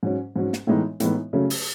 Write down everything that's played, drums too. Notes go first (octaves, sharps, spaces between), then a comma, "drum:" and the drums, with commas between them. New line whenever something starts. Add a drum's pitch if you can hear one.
G#2 F#3 C#4
G#2 F#3 C#4
drum: snare
A2 E3 G#3 B3 D#4
A2 E3 G#3 B3 D#4, drum: hi-hat
C#3 F#3 A3 C#4
drum: open hi-hat